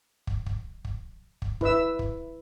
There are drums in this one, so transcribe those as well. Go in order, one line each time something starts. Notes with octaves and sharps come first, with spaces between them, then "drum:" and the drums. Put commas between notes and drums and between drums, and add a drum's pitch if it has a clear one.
drum: kick
drum: kick
drum: kick
drum: kick
E4 B4 E5 E6, drum: kick
drum: kick